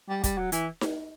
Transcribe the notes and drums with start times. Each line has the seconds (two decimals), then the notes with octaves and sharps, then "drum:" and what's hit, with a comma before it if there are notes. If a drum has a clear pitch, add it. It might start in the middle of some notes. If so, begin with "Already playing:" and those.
0.09 G3
0.24 G3, drum: kick, hi-hat
0.38 F#3
0.52 E3, drum: hi-hat
0.81 drum: snare D#4